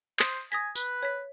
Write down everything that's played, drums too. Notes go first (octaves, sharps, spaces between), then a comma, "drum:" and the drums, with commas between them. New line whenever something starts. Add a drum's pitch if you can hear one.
C5 D#6, drum: clap
G#5 D#6 A#6 B6
B4, drum: tambourine
C#5 B6